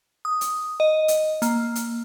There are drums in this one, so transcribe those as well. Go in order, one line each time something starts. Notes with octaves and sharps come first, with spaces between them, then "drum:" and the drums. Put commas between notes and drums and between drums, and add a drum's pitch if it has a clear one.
D#6
drum: hi-hat
D#5
drum: hi-hat
A#3, drum: hi-hat
drum: hi-hat